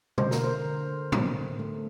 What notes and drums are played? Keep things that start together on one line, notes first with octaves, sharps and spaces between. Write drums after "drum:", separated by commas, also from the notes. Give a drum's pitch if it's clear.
D3 C5, drum: tom B2
A#4, drum: snare
C5
D3
C4, drum: tom
A3